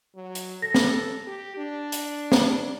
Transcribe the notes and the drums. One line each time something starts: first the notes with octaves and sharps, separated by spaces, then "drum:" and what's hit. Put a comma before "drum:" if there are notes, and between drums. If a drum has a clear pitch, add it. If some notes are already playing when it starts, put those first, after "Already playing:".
F#3
drum: hi-hat
A4 A#6
drum: snare
G4
D4
drum: hi-hat
drum: snare